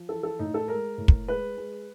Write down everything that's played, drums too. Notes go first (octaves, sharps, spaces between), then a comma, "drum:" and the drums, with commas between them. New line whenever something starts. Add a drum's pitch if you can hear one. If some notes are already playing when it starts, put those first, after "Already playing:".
Already playing: F3
E3 A4
A4
A2 D#4
A4
G#3 A#4
A2
drum: kick
G#3 B4
G#3